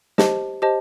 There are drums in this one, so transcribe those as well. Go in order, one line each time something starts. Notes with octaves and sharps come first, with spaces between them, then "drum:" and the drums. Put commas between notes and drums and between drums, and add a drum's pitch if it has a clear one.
G4 C5 D#5 A5, drum: snare
G4 C5 D#5 A5